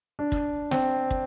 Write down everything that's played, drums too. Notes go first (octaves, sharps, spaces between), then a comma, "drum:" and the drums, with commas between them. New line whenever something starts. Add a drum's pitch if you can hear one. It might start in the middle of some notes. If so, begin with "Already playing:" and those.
D4
drum: kick
C4, drum: snare
drum: kick